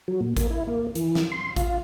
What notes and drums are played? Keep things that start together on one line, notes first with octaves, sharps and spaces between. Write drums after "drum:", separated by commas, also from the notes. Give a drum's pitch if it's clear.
F#3
A#2
A#3, drum: kick A1, hi-hat
E4
A#3
E3, drum: hi-hat
drum: snare
C6
F4, drum: kick A1, hi-hat